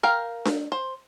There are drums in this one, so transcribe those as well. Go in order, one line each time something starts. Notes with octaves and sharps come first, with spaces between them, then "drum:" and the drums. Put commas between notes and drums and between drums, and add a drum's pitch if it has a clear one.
A#4 F5 G5
drum: snare D4
C5